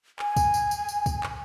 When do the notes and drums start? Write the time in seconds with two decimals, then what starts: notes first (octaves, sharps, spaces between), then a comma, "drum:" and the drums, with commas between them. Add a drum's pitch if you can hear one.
0.19 G#5, drum: clap
0.36 drum: kick, tambourine
0.54 drum: tambourine
0.71 drum: tambourine
0.89 drum: tambourine
1.06 drum: kick, tambourine
1.23 drum: clap